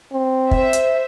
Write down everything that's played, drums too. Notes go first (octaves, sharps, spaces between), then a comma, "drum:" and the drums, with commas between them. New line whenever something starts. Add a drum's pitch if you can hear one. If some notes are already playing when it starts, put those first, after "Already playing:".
C4
C5 E5, drum: kick
drum: hi-hat